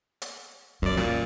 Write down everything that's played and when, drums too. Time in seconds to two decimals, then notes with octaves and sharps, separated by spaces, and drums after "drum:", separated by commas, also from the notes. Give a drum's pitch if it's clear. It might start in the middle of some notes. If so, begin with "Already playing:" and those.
0.22 drum: hi-hat
0.82 F#2 F#3 D5
0.97 A#2, drum: snare